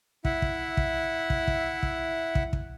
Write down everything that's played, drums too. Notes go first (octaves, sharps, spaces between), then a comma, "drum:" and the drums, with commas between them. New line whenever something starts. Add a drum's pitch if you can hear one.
E4 E5 F#5, drum: kick
drum: kick
drum: kick
drum: kick
drum: kick
drum: kick
drum: kick
drum: kick